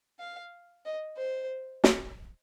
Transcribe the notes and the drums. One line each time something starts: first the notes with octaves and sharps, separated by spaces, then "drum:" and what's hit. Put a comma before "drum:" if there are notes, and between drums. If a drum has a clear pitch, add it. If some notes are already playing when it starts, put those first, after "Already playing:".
F5
D#5
C5
drum: snare